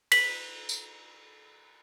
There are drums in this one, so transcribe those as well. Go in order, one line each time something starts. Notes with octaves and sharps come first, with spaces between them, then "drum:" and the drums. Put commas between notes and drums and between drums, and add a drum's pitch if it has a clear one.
B6 F#7, drum: cymbal
drum: tambourine